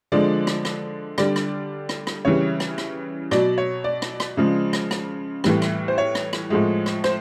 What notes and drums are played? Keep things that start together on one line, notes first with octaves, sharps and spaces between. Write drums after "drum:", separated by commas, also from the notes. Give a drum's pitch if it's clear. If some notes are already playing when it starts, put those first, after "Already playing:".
D3 F3 G#3 D5
drum: rim click
drum: rim click
D3 G3 D5, drum: rim click
drum: rim click
drum: rim click
drum: rim click
C#3 E3 G3 C#5
drum: rim click
drum: rim click
B2 F#3 D5, drum: rim click
C#5
D5
drum: rim click
drum: rim click
C#3 F3 G#3
drum: rim click
drum: rim click
A2 E3 G3, drum: rim click
drum: rim click
C5
C#5
drum: rim click
drum: rim click
A2 F3 G#3
drum: rim click
C5, drum: rim click